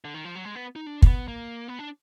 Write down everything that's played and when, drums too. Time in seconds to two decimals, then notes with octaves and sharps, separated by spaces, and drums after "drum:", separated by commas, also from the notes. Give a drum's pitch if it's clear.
0.05 D3
0.14 D#3
0.25 F3
0.35 F#3
0.45 G#3
0.55 B3
0.76 D#4
0.86 D4
1.02 A#3, drum: kick
1.07 B3
1.28 A#3
1.68 B3
1.79 D4